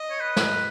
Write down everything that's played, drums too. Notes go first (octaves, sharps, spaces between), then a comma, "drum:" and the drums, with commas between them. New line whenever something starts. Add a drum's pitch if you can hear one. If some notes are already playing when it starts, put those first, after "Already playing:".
Already playing: D#5
C#5
B4
drum: snare